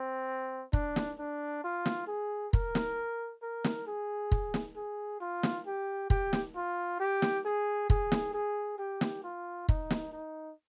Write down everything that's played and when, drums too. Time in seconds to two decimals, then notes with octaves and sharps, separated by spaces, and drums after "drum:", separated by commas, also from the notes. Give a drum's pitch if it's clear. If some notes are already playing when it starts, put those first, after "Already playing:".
Already playing: C4
0.73 D4, drum: kick
0.96 drum: snare
1.19 D4
1.64 F4
1.86 drum: snare
2.07 G#4
2.53 A#4, drum: kick
2.75 drum: snare
3.42 A#4
3.64 drum: snare
3.87 G#4
4.32 drum: kick
4.54 drum: snare
4.76 G#4
5.20 F4
5.43 drum: snare
5.66 G4
6.10 G4, drum: kick
6.33 drum: snare
6.56 F4
7.00 G4
7.22 drum: snare
7.45 G#4
7.90 G#4, drum: kick
8.12 drum: snare
8.33 G#4
8.78 G4
9.01 drum: snare
9.23 F4
9.69 D#4, drum: kick
9.91 drum: snare
10.13 D#4